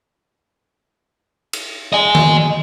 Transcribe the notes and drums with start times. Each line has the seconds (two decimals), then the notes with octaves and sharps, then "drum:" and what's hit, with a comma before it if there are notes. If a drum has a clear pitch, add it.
1.53 drum: cymbal
1.93 D#5 G#5
2.15 drum: tom D#3